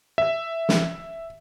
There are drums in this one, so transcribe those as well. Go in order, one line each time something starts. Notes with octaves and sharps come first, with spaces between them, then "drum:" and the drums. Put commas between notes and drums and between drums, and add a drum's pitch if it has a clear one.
E5
drum: snare